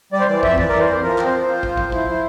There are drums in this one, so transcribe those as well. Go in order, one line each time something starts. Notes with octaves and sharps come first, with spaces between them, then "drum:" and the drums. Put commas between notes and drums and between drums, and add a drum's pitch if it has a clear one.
G3 D5
C5
E3 D5
F2 E5, drum: kick
E3 D5, drum: kick
E3 A#4
C5
F2
F3 A#4
C4, drum: clap
C5
F4
F4
F3, drum: kick
F3, drum: kick
E4, drum: kick
E4